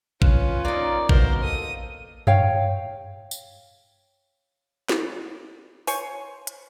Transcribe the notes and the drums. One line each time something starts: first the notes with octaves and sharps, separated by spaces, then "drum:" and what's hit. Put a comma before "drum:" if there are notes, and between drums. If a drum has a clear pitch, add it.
C#4 F4 B4, drum: kick A1
A#3 D#4 D5
B2 A#4 C5, drum: kick A1
A4 D#6
C#5 F5 G5, drum: tom F#2
drum: tambourine
drum: snare
C5 C#5 G#5, drum: open hi-hat
drum: hi-hat